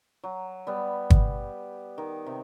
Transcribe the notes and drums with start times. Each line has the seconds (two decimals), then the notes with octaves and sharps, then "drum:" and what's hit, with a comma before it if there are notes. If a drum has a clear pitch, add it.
0.23 F#3
0.67 G3 B3
1.10 drum: kick
1.98 D#3
2.26 C3